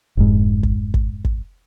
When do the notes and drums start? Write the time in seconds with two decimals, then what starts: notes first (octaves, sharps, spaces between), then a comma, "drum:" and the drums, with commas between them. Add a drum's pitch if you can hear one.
0.17 F1 G#2
0.63 drum: kick
0.94 drum: kick
1.25 drum: kick